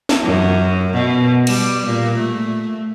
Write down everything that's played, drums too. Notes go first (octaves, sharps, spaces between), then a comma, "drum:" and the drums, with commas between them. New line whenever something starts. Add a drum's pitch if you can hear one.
drum: snare
F#2
B2
G3, drum: cymbal
A#2
A3